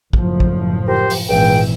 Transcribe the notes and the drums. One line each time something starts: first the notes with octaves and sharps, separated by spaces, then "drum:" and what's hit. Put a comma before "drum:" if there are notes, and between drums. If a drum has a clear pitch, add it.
F#1 A2 F3, drum: kick
drum: kick
G4 A#4 C5
drum: open hi-hat
G#1 C#2 A#2 E3 G5